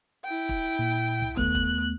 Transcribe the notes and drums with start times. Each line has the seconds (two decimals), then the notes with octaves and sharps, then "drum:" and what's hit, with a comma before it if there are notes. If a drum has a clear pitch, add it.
0.24 E4 G5
0.49 drum: kick
0.79 A#2
1.20 drum: tom C2
1.37 D#2 A3 B3 F#6, drum: kick
1.55 drum: kick